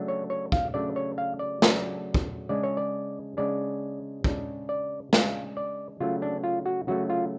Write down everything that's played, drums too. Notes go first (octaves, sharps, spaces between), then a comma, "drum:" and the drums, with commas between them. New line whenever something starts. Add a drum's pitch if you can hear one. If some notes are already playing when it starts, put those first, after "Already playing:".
Already playing: C#3 F#3 A3 D4
C#5
C#5
F5, drum: kick
C#3 F#3 A3 D4 D5
C#5
F5
D5
C#3 F#3 A3 D4, drum: snare
drum: kick
C#3 G#3 D4 D5
C#5
D5
C#3 G#3 D4 D5
C#3 G#3 D4, drum: kick
D5
C#3 G#3 D4 F5, drum: snare
D5
C#3 F#3 A3 F4
D4
F4
F#4
C#3 F#3 A3 F#4
F4